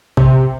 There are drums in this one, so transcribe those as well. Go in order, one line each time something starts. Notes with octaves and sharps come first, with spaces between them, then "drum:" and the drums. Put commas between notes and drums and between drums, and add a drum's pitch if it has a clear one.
C3, drum: kick A1